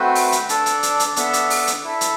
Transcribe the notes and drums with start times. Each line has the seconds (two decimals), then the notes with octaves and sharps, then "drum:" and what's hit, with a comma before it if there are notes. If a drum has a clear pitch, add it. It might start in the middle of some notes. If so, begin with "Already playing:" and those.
Already playing: A3 C4 F#4 B4
0.15 drum: open hi-hat
0.32 drum: hi-hat
0.49 D4 A4 D5, drum: hi-hat
0.66 drum: hi-hat
0.83 drum: hi-hat
1.00 drum: hi-hat
1.16 B3 D4 A4 E5, drum: hi-hat
1.33 drum: hi-hat
1.50 drum: open hi-hat
1.67 drum: hi-hat
1.84 E4 A4 E5
2.01 drum: hi-hat